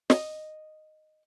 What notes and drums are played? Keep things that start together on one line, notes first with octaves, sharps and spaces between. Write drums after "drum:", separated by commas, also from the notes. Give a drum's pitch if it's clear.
D#5, drum: snare